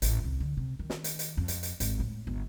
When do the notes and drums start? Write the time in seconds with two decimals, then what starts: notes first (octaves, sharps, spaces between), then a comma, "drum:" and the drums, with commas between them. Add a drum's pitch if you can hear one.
0.02 A1, drum: hi-hat
0.24 C2
0.40 D3
0.57 C3
0.79 D#3
0.90 drum: snare
1.04 drum: hi-hat
1.19 drum: hi-hat
1.37 F2
1.48 drum: hi-hat
1.63 drum: hi-hat
1.80 G#1, drum: hi-hat
1.99 A2
2.27 G1